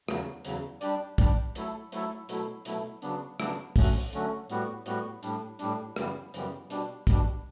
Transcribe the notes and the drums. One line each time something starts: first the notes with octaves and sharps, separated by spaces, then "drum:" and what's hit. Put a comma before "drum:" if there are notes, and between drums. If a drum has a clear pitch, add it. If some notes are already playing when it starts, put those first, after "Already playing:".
E2 C#3 F#3, drum: rim click
E2 C#3 F#3, drum: hi-hat
G3 D4 G4 D5, drum: hi-hat
G3 D4 G4 D5, drum: kick, hi-hat
F#3 A3 E4 A4, drum: hi-hat
F#3 A3 E4 A4, drum: hi-hat
B2 F#3 A3 E4, drum: hi-hat
B2 F#3 A3 E4, drum: hi-hat
C#3 F#3 B3 D4, drum: hi-hat
C#3 F#3 B3 D4, drum: rim click
D3 F#3 A3 C#4 F#4, drum: kick, open hi-hat
D3 F#3 A3 C#4 F#4, drum: hi-hat
A2 G3 B3 F#4, drum: hi-hat
A2 G3 B3 F#4, drum: hi-hat
A2 G3 D4, drum: hi-hat
A2 G3 D4, drum: hi-hat
F#2 C#3 E3 G3 B3, drum: rim click
F#2 C#3 E3 G3 B3, drum: hi-hat
B2 G3 D4, drum: hi-hat
B2 G3 D4, drum: kick, hi-hat